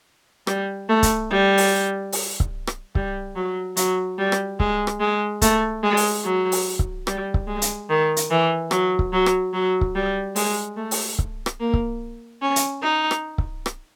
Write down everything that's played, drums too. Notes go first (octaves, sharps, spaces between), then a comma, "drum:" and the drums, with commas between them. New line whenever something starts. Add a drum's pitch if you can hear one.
G3, drum: rim click
A3
drum: kick C#1, hi-hat
G3
drum: open hi-hat
drum: open hi-hat
drum: kick C#1
drum: rim click
G3, drum: kick C#1
F#3
F#3, drum: hi-hat
G3
drum: rim click
G#3, drum: kick C#1
drum: rim click
G#3
A3, drum: kick C#1, hi-hat
G#3
drum: open hi-hat
F#3
drum: open hi-hat
drum: kick C#1
G3, drum: rim click
drum: kick C#1
G#3
drum: hi-hat
D#3
drum: hi-hat
E3
F#3, drum: rim click
drum: kick C#1
F#3
drum: rim click
F#3
drum: kick C#1
G3
G#3, drum: open hi-hat
A3
drum: open hi-hat
drum: kick C#1
drum: rim click
A#3
drum: kick C#1
C#4
drum: hi-hat
D#4
drum: rim click
drum: kick C#1
drum: rim click